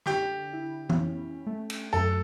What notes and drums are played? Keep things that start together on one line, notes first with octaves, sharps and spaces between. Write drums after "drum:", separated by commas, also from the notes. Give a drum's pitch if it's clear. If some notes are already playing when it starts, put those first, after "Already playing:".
D3 G4, drum: rim click
E4
drum: tom E3
C#4
A3
drum: cymbal
F#2 A4